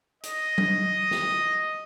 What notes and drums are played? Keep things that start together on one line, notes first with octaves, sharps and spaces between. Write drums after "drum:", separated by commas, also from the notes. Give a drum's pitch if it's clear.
D#5, drum: hi-hat
drum: tom F#3
drum: snare